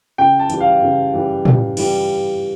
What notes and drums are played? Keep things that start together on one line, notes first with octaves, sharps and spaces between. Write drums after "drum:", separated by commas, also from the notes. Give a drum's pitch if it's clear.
C#3 G5
A5
E3 G3, drum: hi-hat
F5
C#3
E3 G3
C#3, drum: tom A2
E3 G3, drum: cymbal